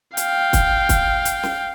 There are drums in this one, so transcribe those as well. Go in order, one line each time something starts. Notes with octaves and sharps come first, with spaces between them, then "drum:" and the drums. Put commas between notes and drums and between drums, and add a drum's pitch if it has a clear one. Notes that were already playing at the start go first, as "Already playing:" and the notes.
F5 G5, drum: hi-hat
drum: kick, hi-hat
drum: kick, hi-hat
drum: hi-hat
drum: snare